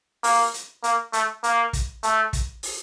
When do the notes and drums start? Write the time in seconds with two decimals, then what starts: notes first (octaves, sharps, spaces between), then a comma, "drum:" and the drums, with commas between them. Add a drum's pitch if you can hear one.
0.24 A#3, drum: open hi-hat
0.54 drum: hi-hat
0.84 A#3, drum: hi-hat
1.13 A3, drum: hi-hat
1.44 A#3, drum: hi-hat
1.73 drum: kick, hi-hat
2.03 A3, drum: hi-hat
2.33 drum: kick, hi-hat
2.63 drum: open hi-hat